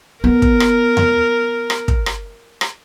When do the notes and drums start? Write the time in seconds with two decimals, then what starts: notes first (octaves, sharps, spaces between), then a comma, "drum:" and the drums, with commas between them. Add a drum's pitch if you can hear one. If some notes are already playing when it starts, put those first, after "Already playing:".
0.24 B3 A#4
0.42 drum: kick
0.60 drum: rim click
0.97 drum: tom E2
1.70 drum: rim click
1.88 drum: kick
2.06 drum: rim click
2.61 drum: rim click